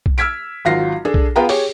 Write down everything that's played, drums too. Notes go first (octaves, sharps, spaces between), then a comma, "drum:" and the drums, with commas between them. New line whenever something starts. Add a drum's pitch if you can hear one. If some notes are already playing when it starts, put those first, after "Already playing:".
drum: kick B1
E6 F6 G#6 B6 D7
G#1 F#3 F4 F#5 A#6 C7
D4 G#4 A4
drum: kick B1
B3 F4 G#4 B4 G5 A#5
G4 G#4 C#5, drum: open hi-hat